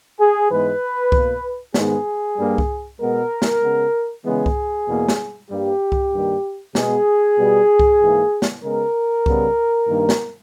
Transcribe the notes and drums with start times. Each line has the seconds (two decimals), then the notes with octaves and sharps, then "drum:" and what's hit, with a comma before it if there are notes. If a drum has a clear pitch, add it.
0.19 G#4
0.50 G#2 E3 G#3 B3 B4
1.12 B2 A#3, drum: kick C2
1.74 G#2 D#3 G#3 B3 G#4, drum: snare
2.38 G2 G3 A#3
2.58 drum: kick C2
3.00 B2 G#3 B3 A#4
3.42 drum: snare
3.62 C#3 G#3 B3
4.25 C#3 E3 G#3 B3 G#4
4.46 drum: kick C2
4.88 E2 B2 A#3
5.08 drum: snare
5.50 G2 G3 A#3 G4
5.92 drum: kick C2
6.13 G2 D#3 G3 A#3
6.75 B2 G#3 B3 G#4, drum: snare
7.38 B2 G3 B3
7.80 drum: kick C2
8.01 G#2 E3 A#3
8.42 drum: snare
8.63 C#3 G#3 B3 A#4
9.26 C#3 G3 B3, drum: kick C2
9.88 G2 D#3 A#3
10.09 drum: snare